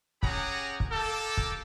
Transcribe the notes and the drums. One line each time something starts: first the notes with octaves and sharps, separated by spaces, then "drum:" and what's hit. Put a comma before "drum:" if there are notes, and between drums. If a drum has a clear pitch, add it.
C#4 G4 G#4 F#5 A#5, drum: kick
drum: kick
A#3 G4 A4
drum: kick